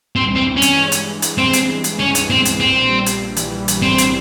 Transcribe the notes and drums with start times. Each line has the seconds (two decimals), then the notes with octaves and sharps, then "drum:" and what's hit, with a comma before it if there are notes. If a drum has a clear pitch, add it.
0.16 G2 C4
0.31 E3 C4
0.47 E3
0.56 C#4
0.62 G2, drum: hi-hat
0.77 G#3
0.92 G2, drum: hi-hat
1.07 G2
1.22 G2, drum: hi-hat
1.38 G#3 C4
1.53 G#3, drum: hi-hat
1.69 G2
1.84 G2, drum: hi-hat
1.99 E3 C#4
2.15 G2, drum: hi-hat
2.30 E3 C4
2.45 G2, drum: hi-hat
2.60 A#1 C4
2.76 G3
2.91 G3
3.06 G3, drum: hi-hat
3.21 G3
3.37 E3, drum: hi-hat
3.53 G3
3.68 E3, drum: hi-hat
3.82 A2 C4
3.98 E3, drum: hi-hat